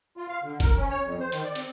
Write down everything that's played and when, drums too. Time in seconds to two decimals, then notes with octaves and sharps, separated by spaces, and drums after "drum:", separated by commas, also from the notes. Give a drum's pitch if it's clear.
0.17 F4
0.29 F5
0.44 D3
0.60 A#4, drum: kick, hi-hat
0.76 C#4
0.90 C#5
1.04 F2
1.20 C5
1.32 D#3, drum: hi-hat
1.44 D5
1.55 C4, drum: hi-hat